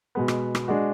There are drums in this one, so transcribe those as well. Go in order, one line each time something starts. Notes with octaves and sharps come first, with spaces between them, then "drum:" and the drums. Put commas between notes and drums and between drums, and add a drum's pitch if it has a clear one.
B2 G#3 B3
drum: rim click
drum: rim click
G#3 D4 F#4